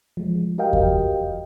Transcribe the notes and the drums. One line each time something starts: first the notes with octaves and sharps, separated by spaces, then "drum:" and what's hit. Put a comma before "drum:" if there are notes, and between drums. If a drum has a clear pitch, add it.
F3 G#3
F#4 G4 A#4 D#5 F5 G5
drum: kick E2